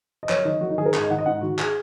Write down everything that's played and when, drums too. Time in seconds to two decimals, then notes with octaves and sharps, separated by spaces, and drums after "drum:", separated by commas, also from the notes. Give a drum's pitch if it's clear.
0.23 D#5
0.29 F#2 C#5, drum: clap
0.45 D#3 D#5
0.61 F#2 F#4
0.70 D#4
0.78 D#3 G#4
0.86 A#4
0.94 G#2 G#4, drum: clap
1.02 D#5
1.10 D#3 F#5
1.18 D#5
1.26 G#2 F#5
1.41 D#3 F#4
1.59 G#4, drum: clap